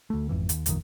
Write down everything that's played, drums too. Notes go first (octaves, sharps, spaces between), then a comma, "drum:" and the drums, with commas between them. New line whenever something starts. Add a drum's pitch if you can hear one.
D2 A3
G#1 F2 E3
D#2, drum: hi-hat
D#1 A#1 F2 D#3, drum: hi-hat